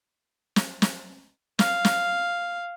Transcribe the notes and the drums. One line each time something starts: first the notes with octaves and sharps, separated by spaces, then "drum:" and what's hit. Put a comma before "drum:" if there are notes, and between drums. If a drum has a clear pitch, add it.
drum: snare
drum: snare
F5, drum: snare
drum: snare